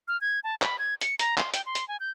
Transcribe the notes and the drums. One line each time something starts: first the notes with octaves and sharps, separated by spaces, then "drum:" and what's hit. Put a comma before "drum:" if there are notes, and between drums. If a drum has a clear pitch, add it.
F6
G#6
A5
B5, drum: clap
G#6
C#7, drum: hi-hat
A#5, drum: hi-hat
C6, drum: clap
G5, drum: hi-hat
C6
drum: hi-hat
G#5
G6